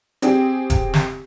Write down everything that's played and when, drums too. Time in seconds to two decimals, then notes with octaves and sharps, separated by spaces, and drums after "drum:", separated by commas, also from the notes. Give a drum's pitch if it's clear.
0.22 C4 G4 G#4, drum: hi-hat
0.70 drum: kick E1, hi-hat
0.94 drum: snare